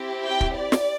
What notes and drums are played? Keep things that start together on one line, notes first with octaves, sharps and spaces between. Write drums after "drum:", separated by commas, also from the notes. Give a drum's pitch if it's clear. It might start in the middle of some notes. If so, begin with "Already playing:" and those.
Already playing: C4 E4 G4
G5
drum: kick
D5
drum: snare